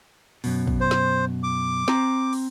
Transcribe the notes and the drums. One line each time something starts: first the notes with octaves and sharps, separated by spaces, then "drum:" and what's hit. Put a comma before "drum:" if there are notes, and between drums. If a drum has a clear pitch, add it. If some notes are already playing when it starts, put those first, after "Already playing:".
F#2 B2, drum: open hi-hat
drum: kick
C5
drum: snare
D6
C4 A#5, drum: snare
drum: open hi-hat